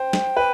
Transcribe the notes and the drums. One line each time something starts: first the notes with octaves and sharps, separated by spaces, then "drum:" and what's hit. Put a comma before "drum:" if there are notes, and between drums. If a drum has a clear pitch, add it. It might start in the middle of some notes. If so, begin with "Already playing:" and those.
Already playing: C5 G5
drum: snare
B4